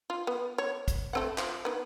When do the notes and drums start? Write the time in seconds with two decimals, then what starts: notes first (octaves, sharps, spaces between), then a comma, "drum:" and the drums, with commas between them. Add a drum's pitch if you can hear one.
0.10 F4
0.27 B3
0.58 C#5
0.88 drum: kick, hi-hat
1.13 A3 C4 F#5
1.38 F3, drum: clap
1.65 D#3 B3